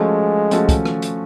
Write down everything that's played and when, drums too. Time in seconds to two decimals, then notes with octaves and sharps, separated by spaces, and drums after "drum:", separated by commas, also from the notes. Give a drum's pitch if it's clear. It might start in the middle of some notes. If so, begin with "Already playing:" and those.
Already playing: F3 G#3 A3 C#4 F#4 A4
0.51 F3 A3 C#4 F#4 A4, drum: hi-hat
0.69 drum: kick, hi-hat
0.86 drum: rim click
1.02 drum: hi-hat